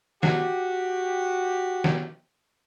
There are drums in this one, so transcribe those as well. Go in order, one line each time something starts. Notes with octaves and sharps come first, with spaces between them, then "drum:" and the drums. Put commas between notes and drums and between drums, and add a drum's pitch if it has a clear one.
F#4 G4, drum: snare
drum: snare